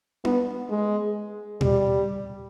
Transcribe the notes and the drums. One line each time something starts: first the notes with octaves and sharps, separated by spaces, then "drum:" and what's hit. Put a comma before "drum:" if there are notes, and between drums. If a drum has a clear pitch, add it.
B3, drum: tom D4
G#3
G3, drum: tom A#2